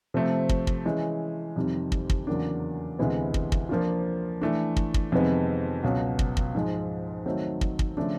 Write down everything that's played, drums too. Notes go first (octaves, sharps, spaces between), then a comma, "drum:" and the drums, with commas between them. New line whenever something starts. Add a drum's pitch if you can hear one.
C3 F3 A3 C4
drum: kick
drum: kick
E3 G#3 C#4
F2 C3 D#3 G3
drum: kick
drum: kick
E2 C#3 F#3 A#3 D4
D2 C3 E3 G#3 B3
drum: kick
drum: kick
F3 A#3 D4 F4
E3 A3 D4
drum: kick
drum: kick
F2 C3 D#3 G#3 B3
C#2 B2 F#3
drum: kick
drum: kick
G#2 F3 G#3
D#3 F#3 A3 C4 D#4
drum: kick
drum: kick
C#3 F3 A3 D4